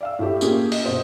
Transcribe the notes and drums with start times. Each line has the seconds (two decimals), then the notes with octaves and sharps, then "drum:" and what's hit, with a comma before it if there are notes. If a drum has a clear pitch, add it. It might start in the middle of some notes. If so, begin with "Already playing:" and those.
0.01 D5 F5 E6
0.19 A2 A3 G4
0.41 A#3 C#4 F4 G4 G#4, drum: tambourine
0.72 D#5, drum: open hi-hat
0.84 B2 C5 D#6